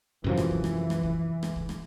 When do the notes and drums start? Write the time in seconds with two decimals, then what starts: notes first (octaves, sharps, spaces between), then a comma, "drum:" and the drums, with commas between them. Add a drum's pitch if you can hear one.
0.24 F#2 C3 E3 F3
0.37 drum: rim click
0.51 drum: kick C2
0.64 drum: rim click
0.90 drum: rim click
1.03 drum: kick C2
1.43 drum: rim click
1.56 drum: kick C2
1.69 drum: rim click